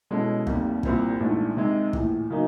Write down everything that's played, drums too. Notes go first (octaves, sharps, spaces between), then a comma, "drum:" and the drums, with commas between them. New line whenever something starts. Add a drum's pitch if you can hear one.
B2 G#3 C#4 E4 A4
F1 D#2 D#3 G3, drum: kick
C2 A#2 G3 C4 E4, drum: kick
A#1 G#2 E3 A3 D4
C3 D#3 G#3
A#1 A2 E3, drum: kick
C#3 F#3 A#3 D#4